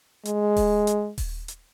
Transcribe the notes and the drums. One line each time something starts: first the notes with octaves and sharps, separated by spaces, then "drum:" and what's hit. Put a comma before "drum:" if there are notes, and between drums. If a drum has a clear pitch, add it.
G#3, drum: hi-hat
drum: kick D#1, open hi-hat
drum: hi-hat
drum: kick D#1, open hi-hat
drum: hi-hat